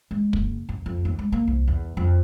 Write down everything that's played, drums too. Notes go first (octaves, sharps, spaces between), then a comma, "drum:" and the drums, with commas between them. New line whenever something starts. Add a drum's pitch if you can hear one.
G#3
F#1, drum: kick
F#2
F2
D#2
G#3
A#3
C2
E2
F2